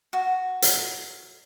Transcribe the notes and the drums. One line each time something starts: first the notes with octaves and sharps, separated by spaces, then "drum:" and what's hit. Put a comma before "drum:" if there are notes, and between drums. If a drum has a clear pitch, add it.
F#4
drum: hi-hat